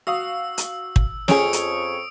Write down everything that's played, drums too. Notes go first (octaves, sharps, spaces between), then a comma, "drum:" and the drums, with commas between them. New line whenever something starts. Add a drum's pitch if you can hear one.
F#4 F5 D#6 E6
drum: hi-hat
drum: kick
F2 C#4 G#4 C#5 C#6 D#6 D7, drum: snare
drum: hi-hat